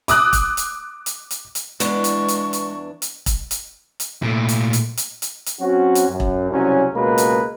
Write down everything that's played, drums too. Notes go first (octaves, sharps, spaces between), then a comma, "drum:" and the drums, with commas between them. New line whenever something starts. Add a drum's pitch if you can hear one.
D6 D#6 F#6, drum: hi-hat
drum: kick E1, hi-hat
drum: hi-hat
drum: hi-hat
drum: hi-hat
drum: hi-hat
E2 G#3 B3 D4 C#6, drum: hi-hat
drum: hi-hat
drum: hi-hat
drum: hi-hat
drum: hi-hat
drum: kick E1, hi-hat
drum: hi-hat
drum: hi-hat
A#2 A3
drum: hi-hat
drum: hi-hat
drum: hi-hat
drum: hi-hat
drum: hi-hat
F#3 C4 C#4 F#4
drum: hi-hat
F#2
drum: kick E1
C2 C#3 F#3 C#4
C#2 B2 G#3 A#3 B4
drum: hi-hat